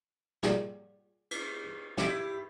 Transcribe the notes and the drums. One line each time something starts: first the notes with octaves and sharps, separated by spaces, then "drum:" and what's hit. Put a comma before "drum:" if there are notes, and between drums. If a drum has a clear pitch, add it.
A#2 G3 G#4, drum: snare
drum: cymbal
C3 E4 G4, drum: snare